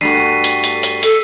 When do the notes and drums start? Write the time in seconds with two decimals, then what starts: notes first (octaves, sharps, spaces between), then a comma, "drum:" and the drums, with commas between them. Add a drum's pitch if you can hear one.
0.01 G2 A3 F#4 B6 C7 D#7
0.44 drum: hi-hat
0.64 drum: hi-hat
0.83 drum: hi-hat
1.03 A4, drum: hi-hat